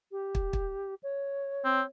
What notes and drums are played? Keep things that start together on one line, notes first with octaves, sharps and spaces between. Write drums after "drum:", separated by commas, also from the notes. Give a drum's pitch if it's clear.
G4
drum: kick
drum: kick
C#5
C4